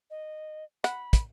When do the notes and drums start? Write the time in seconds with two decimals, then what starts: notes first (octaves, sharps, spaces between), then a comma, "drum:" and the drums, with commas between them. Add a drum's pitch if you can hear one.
0.10 D#5
0.84 F#5 B5, drum: hi-hat
1.13 drum: kick, hi-hat